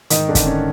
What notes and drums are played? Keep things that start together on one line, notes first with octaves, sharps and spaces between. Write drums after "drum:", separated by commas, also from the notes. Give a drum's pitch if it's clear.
G#2 D#3 D#4, drum: hi-hat
D3 D4
G#1, drum: kick, hi-hat
C#4